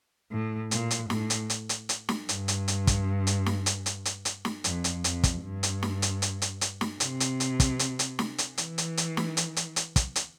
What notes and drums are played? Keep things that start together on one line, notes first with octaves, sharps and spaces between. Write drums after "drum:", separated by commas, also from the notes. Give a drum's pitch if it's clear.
A2
A#2, drum: hi-hat
drum: hi-hat
A2, drum: snare
drum: hi-hat
drum: hi-hat
drum: hi-hat
drum: hi-hat
drum: snare
G2, drum: hi-hat
drum: hi-hat
drum: hi-hat
drum: kick, hi-hat
drum: hi-hat
drum: snare
drum: hi-hat
drum: hi-hat
drum: hi-hat
drum: hi-hat
drum: snare
F2, drum: hi-hat
drum: hi-hat
F2, drum: hi-hat
drum: kick, hi-hat
G2
drum: hi-hat
drum: snare
drum: hi-hat
drum: hi-hat
drum: hi-hat
drum: hi-hat
drum: snare
C3, drum: hi-hat
drum: hi-hat
drum: hi-hat
drum: kick, hi-hat
drum: hi-hat
drum: hi-hat
drum: snare
drum: hi-hat
E3, drum: hi-hat
drum: hi-hat
drum: hi-hat
drum: snare
drum: hi-hat
drum: hi-hat
drum: hi-hat
drum: kick, hi-hat
drum: hi-hat